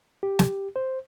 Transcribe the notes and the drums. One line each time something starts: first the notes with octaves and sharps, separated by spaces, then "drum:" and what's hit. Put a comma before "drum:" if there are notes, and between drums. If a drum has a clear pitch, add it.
G4
drum: snare
C5